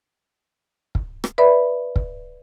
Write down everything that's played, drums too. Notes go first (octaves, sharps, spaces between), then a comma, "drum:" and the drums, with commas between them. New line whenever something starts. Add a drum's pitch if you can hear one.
drum: kick
drum: rim click
B4 D5 E5 B5
drum: kick